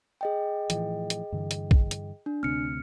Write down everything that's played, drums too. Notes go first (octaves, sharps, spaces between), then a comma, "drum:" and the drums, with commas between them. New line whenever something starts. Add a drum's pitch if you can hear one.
G#4 D#5 G5
A2 E3 F3, drum: hi-hat
drum: hi-hat
G2 D3 E3
drum: hi-hat
drum: kick
drum: hi-hat
D4
D2 C3 C4 F6 C#7